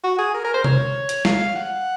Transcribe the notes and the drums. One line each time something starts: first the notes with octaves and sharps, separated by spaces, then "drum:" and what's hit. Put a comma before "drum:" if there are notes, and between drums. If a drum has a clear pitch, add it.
F#4
G#4
A#4
A#4
C5
C#5, drum: tom C3
drum: hi-hat
F5, drum: snare
F#5